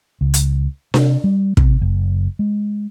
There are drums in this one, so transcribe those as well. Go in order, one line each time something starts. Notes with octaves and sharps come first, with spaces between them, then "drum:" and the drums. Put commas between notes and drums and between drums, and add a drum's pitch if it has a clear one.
C#2
drum: hi-hat
C3, drum: snare D4
G3
C3, drum: kick
F#1
G#3